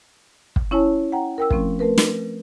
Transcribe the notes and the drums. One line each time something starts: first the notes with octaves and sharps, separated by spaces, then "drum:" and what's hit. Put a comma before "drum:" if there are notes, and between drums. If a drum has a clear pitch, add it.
drum: kick
C#4 E4 C#5 G#5 A5
F#5 G5 A#5
A#4 G5 E6
F3 A3 C4 C#4, drum: kick
A3 C4 A#4 B4
drum: snare